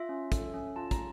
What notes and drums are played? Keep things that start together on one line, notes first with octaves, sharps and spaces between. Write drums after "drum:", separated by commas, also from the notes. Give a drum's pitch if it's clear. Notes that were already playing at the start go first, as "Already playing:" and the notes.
Already playing: F4 E5
C#4
A4, drum: kick, hi-hat
C#4
F4 A5
A#5, drum: kick, hi-hat